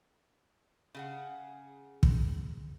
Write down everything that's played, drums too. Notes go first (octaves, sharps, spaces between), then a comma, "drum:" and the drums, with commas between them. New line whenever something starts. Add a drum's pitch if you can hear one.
C#3 G#4 F#5
drum: kick